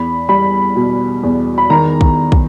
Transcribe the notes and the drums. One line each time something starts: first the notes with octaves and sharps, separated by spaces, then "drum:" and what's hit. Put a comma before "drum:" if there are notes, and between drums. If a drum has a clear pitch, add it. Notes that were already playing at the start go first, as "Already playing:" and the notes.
Already playing: E2 B5
G3 B5
B2
E2
B5
D#3 A#5
drum: kick
drum: kick